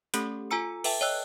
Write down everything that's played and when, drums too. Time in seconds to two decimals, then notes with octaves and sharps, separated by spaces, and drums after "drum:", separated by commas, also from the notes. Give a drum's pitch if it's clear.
0.14 A3 C#4 G4 A4, drum: hi-hat
0.51 F4 A4 G#5 A#5 E6 C#7
0.84 A4 B4 E5 G5 A5, drum: cymbal
1.01 C#5 D#5 G5 E6 F#6